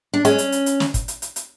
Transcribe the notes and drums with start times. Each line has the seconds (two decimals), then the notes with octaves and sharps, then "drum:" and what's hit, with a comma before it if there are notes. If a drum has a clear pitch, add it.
0.14 D4
0.25 G#3 C#4, drum: hi-hat
0.38 drum: hi-hat
0.52 drum: hi-hat
0.66 drum: hi-hat
0.80 drum: snare
0.94 drum: kick, hi-hat
1.08 drum: hi-hat
1.22 drum: hi-hat
1.36 drum: hi-hat